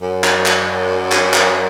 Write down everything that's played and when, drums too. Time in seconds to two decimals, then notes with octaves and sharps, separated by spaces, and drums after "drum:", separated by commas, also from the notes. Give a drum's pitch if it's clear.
0.02 F#2
0.24 drum: clap
0.46 drum: clap
1.12 drum: clap
1.34 drum: clap